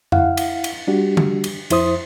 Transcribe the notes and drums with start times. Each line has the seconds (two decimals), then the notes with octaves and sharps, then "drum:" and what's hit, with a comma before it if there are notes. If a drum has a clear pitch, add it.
0.12 E4 F5 F#5, drum: tom F2
0.37 drum: cymbal
0.64 drum: cymbal
0.87 G3 D4 F#4 G4
1.17 drum: tom D3
1.44 drum: cymbal
1.70 F2 E4 C5 D#6, drum: cymbal